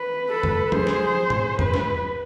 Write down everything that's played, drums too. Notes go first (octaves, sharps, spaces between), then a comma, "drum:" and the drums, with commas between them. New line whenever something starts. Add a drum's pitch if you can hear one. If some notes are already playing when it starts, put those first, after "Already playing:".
Already playing: B4
A4
drum: tom E2
G#4 C5, drum: tom F3
drum: snare
drum: tom G#2
B4, drum: tom E2
drum: snare